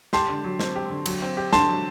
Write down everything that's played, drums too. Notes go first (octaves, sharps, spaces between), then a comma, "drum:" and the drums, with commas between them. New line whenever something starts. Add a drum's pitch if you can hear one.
G4 A5 C6, drum: snare
D3
F#3
C4, drum: snare
G4
D3
F#3, drum: cymbal
C4
G4
D3 A5 C6, drum: snare
F#3